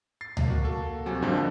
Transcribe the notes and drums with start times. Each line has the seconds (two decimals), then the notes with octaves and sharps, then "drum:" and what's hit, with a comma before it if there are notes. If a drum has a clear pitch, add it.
0.21 A6 C7
0.37 drum: tom C#2
0.46 A#3 F#4
0.63 A#3 F#4 A4
1.06 C3 F#3 F#4 G#5
1.22 F2 G#2 D3 F3 A#3 D4